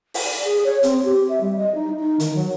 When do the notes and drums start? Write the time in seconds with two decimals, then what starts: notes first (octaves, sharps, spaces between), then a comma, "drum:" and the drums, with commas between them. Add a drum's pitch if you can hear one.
0.14 drum: open hi-hat
0.24 D5
0.44 G#4
0.64 C#5
0.83 C4, drum: hi-hat
1.04 G4
1.29 E5
1.41 G3
1.57 D#5
1.75 D#4
1.99 D#4
2.20 D#3, drum: hi-hat
2.35 F#3